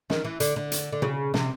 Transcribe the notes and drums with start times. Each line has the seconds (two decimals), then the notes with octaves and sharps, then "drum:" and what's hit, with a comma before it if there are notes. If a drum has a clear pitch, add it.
0.10 D#3, drum: snare
0.25 E3
0.40 D3, drum: hi-hat
0.56 D3
0.72 drum: hi-hat
0.92 D3
1.02 C#3, drum: tom
1.34 C3, drum: snare